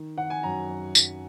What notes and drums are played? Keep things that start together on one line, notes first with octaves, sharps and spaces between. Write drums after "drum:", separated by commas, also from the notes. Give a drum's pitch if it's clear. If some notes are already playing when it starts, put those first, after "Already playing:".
Already playing: D#3
D#3 F#5
G#5
F#2 A#5
F#2
F#3, drum: tambourine